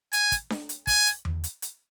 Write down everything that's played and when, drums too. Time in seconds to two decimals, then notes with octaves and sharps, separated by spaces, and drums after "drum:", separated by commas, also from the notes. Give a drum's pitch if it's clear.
0.13 G#5, drum: hi-hat
0.32 drum: kick, hi-hat
0.50 drum: snare D4
0.69 drum: hi-hat
0.87 G#5, drum: kick, open hi-hat
1.06 drum: hi-hat
1.25 drum: tom E2
1.44 drum: hi-hat
1.62 drum: hi-hat